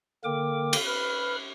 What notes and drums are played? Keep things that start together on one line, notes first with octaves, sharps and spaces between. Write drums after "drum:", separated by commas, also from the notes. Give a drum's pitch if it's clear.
D3 A#3 A#4 G5 D6
drum: cymbal
B4 B5 F6